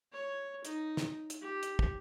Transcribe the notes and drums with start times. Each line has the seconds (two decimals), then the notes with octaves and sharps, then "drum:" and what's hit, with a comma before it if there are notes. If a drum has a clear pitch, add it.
0.12 C#5
0.65 D#4, drum: hi-hat
0.97 drum: snare
1.30 drum: hi-hat
1.41 G4
1.63 drum: hi-hat
1.79 drum: kick